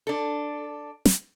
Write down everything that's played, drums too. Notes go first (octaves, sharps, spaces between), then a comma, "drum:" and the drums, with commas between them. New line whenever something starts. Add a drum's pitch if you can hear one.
D4 A4
drum: snare